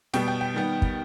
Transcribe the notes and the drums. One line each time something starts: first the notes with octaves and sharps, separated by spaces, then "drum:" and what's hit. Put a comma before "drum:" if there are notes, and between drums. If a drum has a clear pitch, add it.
B2 G3 B3 G5, drum: snare
G5
G5
D#3 G3 B3
drum: kick